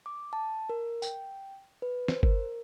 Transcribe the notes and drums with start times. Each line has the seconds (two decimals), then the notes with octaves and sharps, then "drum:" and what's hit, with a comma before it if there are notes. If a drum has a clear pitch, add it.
0.06 D6
0.33 A5
0.69 A#4
1.02 G5, drum: tambourine
1.82 B4
2.08 C5, drum: snare
2.23 A#4, drum: kick G1